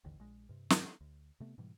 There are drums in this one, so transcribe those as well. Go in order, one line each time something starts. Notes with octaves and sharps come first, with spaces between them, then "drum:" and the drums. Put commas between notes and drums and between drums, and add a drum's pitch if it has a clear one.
A1 D#2 D3 E3
A#1 G#3
G2 C3
drum: snare
D2
C3 A3 B3
G#2 B2 E3 G3